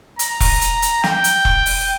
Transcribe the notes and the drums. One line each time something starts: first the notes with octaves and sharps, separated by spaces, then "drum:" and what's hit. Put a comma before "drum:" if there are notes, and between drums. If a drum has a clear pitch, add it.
A#5, drum: hi-hat
drum: kick E1, open hi-hat
drum: hi-hat
drum: hi-hat
G5, drum: snare
drum: hi-hat
drum: kick E1
drum: open hi-hat